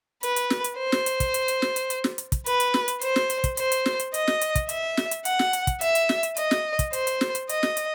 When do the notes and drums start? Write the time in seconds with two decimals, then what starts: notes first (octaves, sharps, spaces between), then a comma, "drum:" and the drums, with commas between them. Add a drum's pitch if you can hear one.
0.23 B4, drum: hi-hat
0.36 drum: hi-hat
0.50 drum: snare
0.64 drum: hi-hat
0.78 C5
0.92 drum: snare
1.06 drum: hi-hat
1.20 drum: kick, hi-hat
1.34 drum: hi-hat
1.48 drum: hi-hat
1.62 drum: snare
1.76 drum: hi-hat
1.90 drum: hi-hat
2.04 drum: snare
2.18 drum: hi-hat
2.32 drum: kick, hi-hat
2.46 B4, drum: hi-hat
2.60 drum: hi-hat
2.74 drum: snare
2.88 drum: hi-hat
3.01 C5, drum: hi-hat
3.16 drum: snare
3.30 drum: hi-hat
3.44 drum: kick, hi-hat
3.57 C5, drum: hi-hat
3.72 drum: hi-hat
3.86 drum: snare
4.00 drum: hi-hat
4.14 D#5, drum: hi-hat
4.27 drum: snare
4.41 drum: hi-hat
4.55 drum: kick, hi-hat
4.69 E5, drum: hi-hat
4.97 drum: snare
5.11 drum: hi-hat
5.25 F#5, drum: hi-hat
5.39 drum: snare
5.53 drum: hi-hat
5.67 drum: kick, hi-hat
5.81 E5, drum: hi-hat
5.95 drum: hi-hat
6.09 drum: snare
6.23 drum: hi-hat
6.37 D#5, drum: hi-hat
6.51 drum: snare
6.79 drum: kick, hi-hat
6.93 C5, drum: hi-hat
7.07 drum: hi-hat
7.21 drum: snare
7.35 drum: hi-hat
7.49 D#5, drum: hi-hat
7.63 drum: snare
7.77 drum: hi-hat